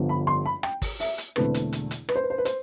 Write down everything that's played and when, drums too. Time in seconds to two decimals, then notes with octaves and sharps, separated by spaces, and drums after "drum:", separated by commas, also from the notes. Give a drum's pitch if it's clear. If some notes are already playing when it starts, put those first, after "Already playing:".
Already playing: G1 G2 F3 B3
0.09 B5
0.27 C6
0.46 B5
0.63 G5, drum: rim click
0.82 drum: kick, open hi-hat
1.00 E5, drum: open hi-hat
1.18 drum: hi-hat
1.36 E1 E2 D3 A3 C4 B4, drum: rim click
1.54 drum: hi-hat
1.73 drum: hi-hat
1.91 drum: hi-hat
2.09 B4, drum: rim click
2.15 C5
2.24 B4
2.30 C5
2.38 B4
2.45 C5, drum: hi-hat